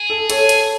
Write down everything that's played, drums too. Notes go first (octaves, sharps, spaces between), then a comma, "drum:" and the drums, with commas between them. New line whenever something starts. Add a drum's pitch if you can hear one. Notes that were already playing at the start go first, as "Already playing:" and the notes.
Already playing: G#4
A4
A4 C#5, drum: hi-hat
drum: hi-hat